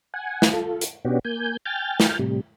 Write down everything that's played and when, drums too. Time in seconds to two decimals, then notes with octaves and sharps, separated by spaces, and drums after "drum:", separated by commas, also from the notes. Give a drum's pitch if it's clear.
0.14 F#5 G#5
0.42 drum: snare
0.53 F4 A4
0.81 drum: hi-hat
1.05 B2 B3 C#4 D4 F#4 G4
1.25 A#3 G#5 G6
1.66 G5 G#5 F6 G6 A6
2.00 drum: snare
2.19 A2 C3 G3